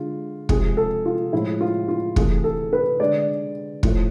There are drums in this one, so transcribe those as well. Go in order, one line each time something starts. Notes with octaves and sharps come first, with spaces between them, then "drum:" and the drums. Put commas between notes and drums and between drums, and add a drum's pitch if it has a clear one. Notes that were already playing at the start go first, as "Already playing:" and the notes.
Already playing: D3 G#3 F4
C3 F3 G#3 G#4, drum: kick
A4
F4
A2 F3 G#3 E4
F4
F4
C3 E3 A3 G#4, drum: kick
A4
B4
D3 G#3 D5
A2 F3 A3, drum: kick